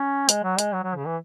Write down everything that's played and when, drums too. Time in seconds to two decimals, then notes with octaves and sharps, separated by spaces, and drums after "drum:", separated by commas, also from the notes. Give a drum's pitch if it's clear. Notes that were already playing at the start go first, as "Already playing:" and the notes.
Already playing: C#4
0.29 G#3, drum: hi-hat
0.44 F#3
0.59 G#3, drum: hi-hat
0.73 F#3
0.83 F#3
0.96 C#3
1.05 E3